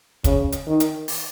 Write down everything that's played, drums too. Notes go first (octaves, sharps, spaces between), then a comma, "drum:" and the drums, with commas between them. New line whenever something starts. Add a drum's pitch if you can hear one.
C#3, drum: kick, hi-hat
drum: hi-hat
D#3
drum: hi-hat
drum: open hi-hat